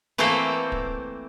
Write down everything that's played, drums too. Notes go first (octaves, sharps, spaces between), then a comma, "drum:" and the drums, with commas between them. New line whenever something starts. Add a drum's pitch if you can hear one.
E3 A3 A#3 C4 A4 C5
drum: kick